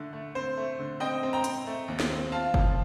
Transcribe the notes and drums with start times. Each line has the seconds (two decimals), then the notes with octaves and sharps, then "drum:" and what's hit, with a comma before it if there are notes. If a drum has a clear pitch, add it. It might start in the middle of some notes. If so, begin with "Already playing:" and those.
Already playing: D3 A3
0.13 A3
0.35 C4 C5
0.57 A3
0.79 D3
1.00 C4 D#5 G5
1.23 C4
1.33 G5 A#5
1.44 C4, drum: hi-hat
1.67 A3
1.88 D#2
2.00 drum: snare
2.10 C4
2.32 F4 F5 A5
2.54 F3, drum: kick F#1